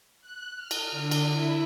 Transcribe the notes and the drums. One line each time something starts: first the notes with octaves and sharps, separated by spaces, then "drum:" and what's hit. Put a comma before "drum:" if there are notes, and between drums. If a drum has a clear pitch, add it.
F#6
F6
drum: cymbal
D3
drum: cymbal
E4